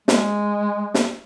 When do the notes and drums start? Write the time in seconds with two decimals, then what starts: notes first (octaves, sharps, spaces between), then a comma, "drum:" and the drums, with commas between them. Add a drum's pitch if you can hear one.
0.08 G#3, drum: snare
0.94 drum: snare